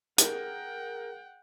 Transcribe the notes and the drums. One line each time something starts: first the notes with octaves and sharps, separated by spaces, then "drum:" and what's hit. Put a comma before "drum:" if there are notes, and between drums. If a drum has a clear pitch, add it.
G#4 A#4 F#5 G5, drum: hi-hat